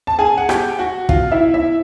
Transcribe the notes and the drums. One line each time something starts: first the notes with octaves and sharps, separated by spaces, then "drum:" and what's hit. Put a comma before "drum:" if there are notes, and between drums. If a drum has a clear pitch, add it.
A5
G#4 G#5
F#5
G4 G5, drum: rim click
F#4 F#5
F4 F5, drum: kick
E4 E5
E4 E5